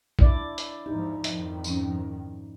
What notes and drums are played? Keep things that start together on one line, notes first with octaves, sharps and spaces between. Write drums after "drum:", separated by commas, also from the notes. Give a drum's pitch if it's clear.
D4 E4 D5, drum: kick
drum: hi-hat
E2 G#2 F3 D#4 G4
F2 D#3, drum: hi-hat
G#2 C#4, drum: tambourine